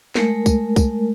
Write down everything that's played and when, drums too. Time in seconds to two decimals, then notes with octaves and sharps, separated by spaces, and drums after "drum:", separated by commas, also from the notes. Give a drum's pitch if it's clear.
0.15 G#3 A3 A#4, drum: snare
0.46 drum: kick C2, tambourine
0.76 drum: kick C2, tambourine